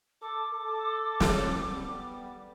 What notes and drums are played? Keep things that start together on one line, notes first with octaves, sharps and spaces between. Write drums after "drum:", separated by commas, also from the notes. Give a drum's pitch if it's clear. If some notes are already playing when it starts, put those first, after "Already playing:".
A4 D6
A4
drum: snare
G3 B3